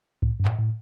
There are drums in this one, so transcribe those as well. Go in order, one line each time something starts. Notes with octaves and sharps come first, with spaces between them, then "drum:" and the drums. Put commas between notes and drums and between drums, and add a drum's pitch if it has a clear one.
A2, drum: kick C2
G2
A2, drum: clap
A2